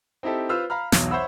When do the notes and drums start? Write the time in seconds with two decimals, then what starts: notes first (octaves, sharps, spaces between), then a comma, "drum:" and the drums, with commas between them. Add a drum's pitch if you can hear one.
0.23 C4 D#4 E4 G4 A4
0.49 F4 B4 C5 E6 F6
0.70 F5 A#5 B5 F6
0.92 B1 E2 F#3, drum: snare
1.11 C5 C#5 E5 F#5 B5 E6